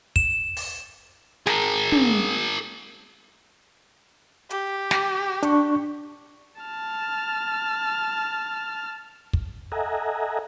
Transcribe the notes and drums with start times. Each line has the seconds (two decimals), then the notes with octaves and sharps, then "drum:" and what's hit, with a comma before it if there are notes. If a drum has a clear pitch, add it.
0.16 E7, drum: kick
0.57 drum: open hi-hat
1.47 G#4 A#4, drum: snare
1.92 drum: tom
4.50 G4, drum: hi-hat
4.91 drum: snare
5.43 D4 C#6, drum: hi-hat
6.61 A5 F6
9.33 drum: kick
9.72 A4 D#5 E5 F#5 G#5 A#5